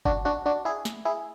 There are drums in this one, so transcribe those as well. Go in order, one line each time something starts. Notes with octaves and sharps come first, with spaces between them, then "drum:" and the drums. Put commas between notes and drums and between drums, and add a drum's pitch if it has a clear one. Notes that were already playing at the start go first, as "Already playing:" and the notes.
D4 F#4, drum: kick G1
D4 F#4
D4 F#4
E4 G#4
drum: snare
E4 G#4